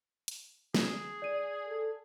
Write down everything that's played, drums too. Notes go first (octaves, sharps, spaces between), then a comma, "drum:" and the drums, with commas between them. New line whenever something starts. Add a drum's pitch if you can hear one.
drum: hi-hat
G#4, drum: snare
D5 D#7
A4